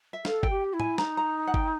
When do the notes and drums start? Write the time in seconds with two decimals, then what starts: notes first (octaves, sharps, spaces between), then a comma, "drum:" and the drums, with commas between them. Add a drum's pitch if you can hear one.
0.13 E5
0.25 A4 F5, drum: snare
0.43 G5, drum: kick G1
0.50 G4
0.74 E4
0.80 G#5, drum: tom
0.98 D#4 A#5, drum: snare
1.17 A#5
1.47 F#5
1.54 G5, drum: kick G1